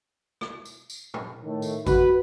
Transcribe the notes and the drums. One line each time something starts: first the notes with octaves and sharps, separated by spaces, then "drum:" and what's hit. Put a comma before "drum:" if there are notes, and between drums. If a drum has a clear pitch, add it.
drum: rim click
drum: tambourine
drum: tambourine
drum: tom
A2 D#3 A3
drum: tambourine
F#4 B4, drum: kick, tambourine